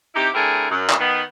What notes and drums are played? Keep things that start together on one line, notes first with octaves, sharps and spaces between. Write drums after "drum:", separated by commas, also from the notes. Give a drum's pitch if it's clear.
C3 D#4 E4 G4
D3 A3 C4 E4 G#4 A#4
F#2
drum: clap
D#3 B3